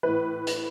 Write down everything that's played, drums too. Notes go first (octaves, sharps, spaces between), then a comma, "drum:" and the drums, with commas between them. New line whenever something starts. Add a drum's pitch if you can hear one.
A2 E3 B4
drum: hi-hat